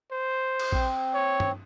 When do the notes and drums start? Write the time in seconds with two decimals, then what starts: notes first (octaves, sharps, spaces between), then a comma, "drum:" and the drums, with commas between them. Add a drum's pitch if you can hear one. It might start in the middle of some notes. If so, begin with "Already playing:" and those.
0.12 C5
0.60 drum: cymbal
0.72 C4, drum: kick
1.14 C#5
1.40 drum: tom